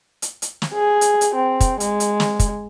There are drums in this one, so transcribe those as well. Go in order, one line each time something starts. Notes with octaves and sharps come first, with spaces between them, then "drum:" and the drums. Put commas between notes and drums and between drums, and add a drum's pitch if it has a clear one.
drum: hi-hat
drum: hi-hat
drum: snare
G#4
drum: hi-hat
drum: hi-hat
C4
drum: kick, hi-hat
G#3, drum: hi-hat
drum: hi-hat
drum: snare
drum: kick, hi-hat